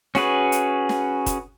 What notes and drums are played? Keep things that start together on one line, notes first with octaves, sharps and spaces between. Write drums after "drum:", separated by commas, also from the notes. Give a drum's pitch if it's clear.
C#4 F#4 G#4 B4, drum: snare
drum: hi-hat
drum: snare
drum: kick, hi-hat